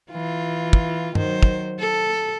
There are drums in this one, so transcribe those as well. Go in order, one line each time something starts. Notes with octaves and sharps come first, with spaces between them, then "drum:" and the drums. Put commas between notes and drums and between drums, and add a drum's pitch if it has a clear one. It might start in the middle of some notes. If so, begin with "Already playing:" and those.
E3 F4
drum: kick
D#3 F#3 C5, drum: tom G2
drum: kick
A4